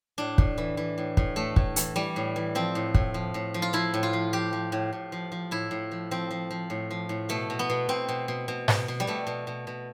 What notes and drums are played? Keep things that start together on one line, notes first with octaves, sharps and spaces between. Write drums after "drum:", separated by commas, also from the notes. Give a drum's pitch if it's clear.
A2 D4
A2, drum: kick
E3
E3
A2
A2, drum: kick
A2 A3
A2, drum: kick
E3, drum: hi-hat
E3 G3
A2
E3
F3 C4
A2
A2, drum: kick
F3
A2
F3
F4
F3 E4
A2
F4
F3
F3 G4
F3
A2
A2
F3
F3
A2 E4
A2
F3
F3 C4
F3
F3
A2
F3
A2
B2 A3
B2
B3
B2
B2 C4
B2
B2
B2
B2, drum: snare G#2
B2
G3
B2 A3
B2
B2
B2